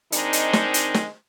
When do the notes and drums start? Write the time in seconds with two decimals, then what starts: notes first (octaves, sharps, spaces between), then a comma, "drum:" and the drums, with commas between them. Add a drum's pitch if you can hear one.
0.12 D#3 G#3 C4 D4 D#4, drum: hi-hat
0.33 drum: hi-hat
0.53 drum: snare
0.74 drum: hi-hat
0.94 drum: snare